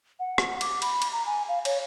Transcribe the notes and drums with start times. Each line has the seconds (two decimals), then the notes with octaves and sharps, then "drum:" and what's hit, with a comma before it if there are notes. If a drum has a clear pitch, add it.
0.20 F#5
0.38 drum: rim click
0.61 D6, drum: cymbal
0.82 B5, drum: cymbal
1.02 drum: cymbal
1.12 A#5
1.26 G#5
1.49 F5
1.65 C#5, drum: cymbal